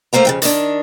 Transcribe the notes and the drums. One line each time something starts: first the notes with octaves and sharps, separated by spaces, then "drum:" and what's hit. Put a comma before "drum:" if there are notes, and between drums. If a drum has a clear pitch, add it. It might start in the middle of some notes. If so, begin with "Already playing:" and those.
A3 A#3 C5 F5 A#5
F2 A#2 C#3
D#3 D4, drum: hi-hat